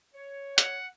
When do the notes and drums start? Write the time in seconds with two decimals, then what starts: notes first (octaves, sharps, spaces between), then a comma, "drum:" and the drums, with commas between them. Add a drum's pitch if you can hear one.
0.14 C#5
0.58 F#5, drum: hi-hat